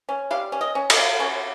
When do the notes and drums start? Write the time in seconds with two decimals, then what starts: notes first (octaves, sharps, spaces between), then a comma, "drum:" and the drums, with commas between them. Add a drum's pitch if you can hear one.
0.09 C#4
0.31 G3 F5
0.52 C#4
0.61 D#5
0.75 C#4
0.90 D#5, drum: cymbal
0.97 C#3
1.20 C#4 C#5